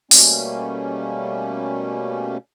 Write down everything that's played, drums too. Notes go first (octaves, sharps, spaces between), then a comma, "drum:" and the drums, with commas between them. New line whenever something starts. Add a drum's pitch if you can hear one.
B2 G3 A3 A#3 C#4, drum: open hi-hat